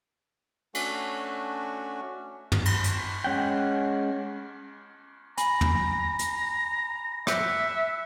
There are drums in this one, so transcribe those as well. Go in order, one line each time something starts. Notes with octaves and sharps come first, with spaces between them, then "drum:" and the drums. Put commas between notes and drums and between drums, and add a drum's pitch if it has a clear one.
A3 C#4 D4 F#4, drum: cymbal
drum: tom
drum: cymbal
drum: hi-hat
G#3 C#4 F#5 G5
G#5 A#5 B5, drum: hi-hat
drum: tom
drum: hi-hat
E5 F#6 G6 C#7, drum: rim click